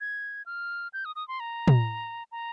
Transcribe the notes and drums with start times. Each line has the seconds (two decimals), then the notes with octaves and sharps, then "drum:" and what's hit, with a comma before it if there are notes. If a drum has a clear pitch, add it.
0.01 G#6
0.46 F6
0.93 G6
1.05 D#6
1.16 D#6
1.28 C6
1.40 A#5
1.68 drum: tom
2.32 A#5